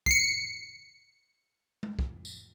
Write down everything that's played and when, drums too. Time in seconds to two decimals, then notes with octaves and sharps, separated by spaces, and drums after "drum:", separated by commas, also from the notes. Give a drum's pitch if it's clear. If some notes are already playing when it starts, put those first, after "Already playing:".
0.06 C7 C#7, drum: kick
1.83 drum: tom G#3
1.99 drum: kick
2.25 drum: tambourine